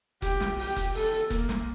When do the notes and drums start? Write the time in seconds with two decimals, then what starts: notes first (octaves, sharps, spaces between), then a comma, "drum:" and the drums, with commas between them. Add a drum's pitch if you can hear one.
0.22 G4, drum: kick F1, hi-hat
0.40 drum: snare
0.59 G4, drum: open hi-hat
0.76 drum: kick F1, hi-hat
0.95 A4, drum: open hi-hat
1.30 A#3, drum: kick F1, hi-hat
1.49 drum: snare